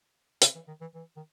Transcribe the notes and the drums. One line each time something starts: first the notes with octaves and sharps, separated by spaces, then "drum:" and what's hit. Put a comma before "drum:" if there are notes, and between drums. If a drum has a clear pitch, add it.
C#3, drum: hi-hat
E3
D#3
E3
E3
D#3